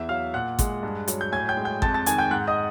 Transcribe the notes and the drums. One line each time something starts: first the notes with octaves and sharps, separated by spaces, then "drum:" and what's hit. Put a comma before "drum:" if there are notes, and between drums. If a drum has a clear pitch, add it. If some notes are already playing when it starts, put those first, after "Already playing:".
Already playing: E2 E3 E5 E6
F#3 F5 F6
A#2 F#5 F#6
G#3, drum: kick, hi-hat
G2
F#3, drum: hi-hat
G6
A2 G#5 G#6
G5 G6
G#3
G5 G6
F2 A5 A6, drum: kick
A5 A6
D#3 G#5 G#6, drum: hi-hat
G5 G6
G#2 F#5 F#6
D#5 D#6